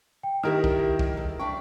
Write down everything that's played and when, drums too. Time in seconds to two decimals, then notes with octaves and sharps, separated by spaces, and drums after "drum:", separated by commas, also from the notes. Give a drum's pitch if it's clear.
0.23 G5
0.43 D#3 E4 G4 A#4 E5 F6
0.64 drum: kick
0.99 drum: kick
1.17 A4
1.39 D4 E5 G5 C#6